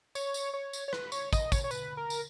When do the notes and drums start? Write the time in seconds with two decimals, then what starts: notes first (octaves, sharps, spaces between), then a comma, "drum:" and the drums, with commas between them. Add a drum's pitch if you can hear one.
0.15 C#5, drum: tambourine
0.34 drum: tambourine
0.54 C#5
0.73 drum: tambourine
0.88 C#5
0.93 B4, drum: rim click
1.12 C#5, drum: tambourine
1.33 D#5, drum: kick, tambourine
1.52 C#5, drum: kick, tambourine
1.64 C#5
1.71 B4, drum: tambourine
1.97 A#4
2.10 drum: tambourine